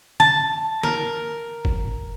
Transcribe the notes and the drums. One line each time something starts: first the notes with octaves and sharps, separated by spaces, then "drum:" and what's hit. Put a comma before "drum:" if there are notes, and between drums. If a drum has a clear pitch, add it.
A5, drum: tom D3
A#4, drum: snare
drum: kick F#1